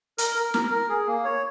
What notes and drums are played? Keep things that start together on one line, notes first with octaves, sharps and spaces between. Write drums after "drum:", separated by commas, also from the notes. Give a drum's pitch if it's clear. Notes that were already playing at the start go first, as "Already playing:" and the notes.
A#4, drum: hi-hat
A#4
A#4, drum: snare
A#4
G#4
A#3
C#5